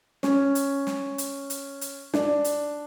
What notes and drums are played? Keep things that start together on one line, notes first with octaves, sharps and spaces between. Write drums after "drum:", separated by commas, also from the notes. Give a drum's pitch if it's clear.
C#4, drum: snare
drum: hi-hat
drum: snare
drum: hi-hat
drum: hi-hat
drum: hi-hat
D4, drum: snare
drum: hi-hat